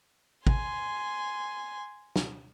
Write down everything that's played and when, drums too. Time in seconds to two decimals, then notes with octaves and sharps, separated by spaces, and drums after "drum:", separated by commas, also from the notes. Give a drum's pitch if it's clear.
0.47 G#5 C6, drum: kick
2.16 drum: snare